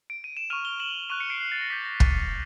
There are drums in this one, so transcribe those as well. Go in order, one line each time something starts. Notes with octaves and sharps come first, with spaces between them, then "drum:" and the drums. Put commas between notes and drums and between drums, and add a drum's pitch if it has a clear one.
D7
D#7
E7
C#6 F6 D#7 F7
F7 G7
E7 F#7
C#6 F#6 D#7 F7
C#7 D#7
C7 D7
C7
A6
A#6
D6 G6 B6
A#6
drum: kick